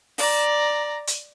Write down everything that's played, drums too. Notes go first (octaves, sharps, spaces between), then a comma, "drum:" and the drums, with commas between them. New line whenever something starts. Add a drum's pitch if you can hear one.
D5 A#5, drum: open hi-hat
drum: hi-hat